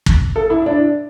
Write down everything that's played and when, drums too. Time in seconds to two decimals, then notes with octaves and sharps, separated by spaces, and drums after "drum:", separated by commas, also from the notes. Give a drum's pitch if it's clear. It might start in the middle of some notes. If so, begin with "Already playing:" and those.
0.06 drum: kick
0.36 A4
0.50 E4
0.62 E4
0.66 D4